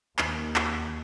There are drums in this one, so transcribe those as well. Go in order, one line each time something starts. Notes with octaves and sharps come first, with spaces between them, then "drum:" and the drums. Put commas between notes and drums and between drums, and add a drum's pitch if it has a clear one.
D#2, drum: clap
drum: clap